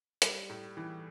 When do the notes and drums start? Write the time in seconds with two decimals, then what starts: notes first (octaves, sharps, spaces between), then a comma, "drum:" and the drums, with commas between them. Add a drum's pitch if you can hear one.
0.22 G3, drum: hi-hat
0.50 A2
0.77 E3